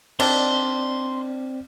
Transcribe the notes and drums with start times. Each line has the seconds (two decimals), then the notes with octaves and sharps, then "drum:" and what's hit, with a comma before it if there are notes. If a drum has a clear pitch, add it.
0.20 D#3 C4 D4 D5 C6, drum: cymbal